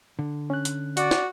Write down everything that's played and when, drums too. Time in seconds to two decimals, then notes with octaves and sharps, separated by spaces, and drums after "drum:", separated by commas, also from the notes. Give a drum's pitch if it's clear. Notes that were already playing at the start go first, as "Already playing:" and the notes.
0.19 D3
0.50 C#4 F#6
0.65 drum: hi-hat
0.97 F#4 D5, drum: hi-hat
1.11 drum: snare